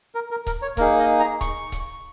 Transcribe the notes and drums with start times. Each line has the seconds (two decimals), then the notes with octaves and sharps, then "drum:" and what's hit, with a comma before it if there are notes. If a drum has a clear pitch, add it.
0.15 A#4
0.31 A#4
0.47 A#4, drum: kick C#1, hi-hat
0.62 C#5
0.77 A#3 D#4 G#4 A#4, drum: kick C#1, hi-hat
0.99 D#5
1.19 A#5
1.41 C#6, drum: kick C#1, hi-hat
1.72 drum: kick C#1, hi-hat